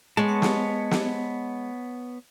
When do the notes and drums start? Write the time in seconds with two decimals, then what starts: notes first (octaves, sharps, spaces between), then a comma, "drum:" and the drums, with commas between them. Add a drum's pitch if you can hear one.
0.17 G#3 B3 C#5 A5
0.42 drum: snare
0.91 drum: snare